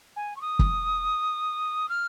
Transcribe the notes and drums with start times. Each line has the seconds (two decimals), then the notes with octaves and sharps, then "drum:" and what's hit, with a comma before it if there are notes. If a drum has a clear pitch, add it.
0.16 G#5
0.36 C#6
0.41 D#6
0.59 drum: kick
1.89 F6